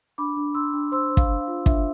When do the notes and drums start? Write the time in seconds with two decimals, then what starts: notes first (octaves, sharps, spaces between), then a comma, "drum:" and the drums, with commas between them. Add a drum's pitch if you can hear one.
0.18 D4 B5 D6
0.37 D4
0.55 D4 C6 E6
0.73 D4
0.92 C5 C6 E6
1.10 C5
1.17 F5, drum: kick
1.29 D4
1.41 F5
1.47 F4
1.66 D4 E5, drum: kick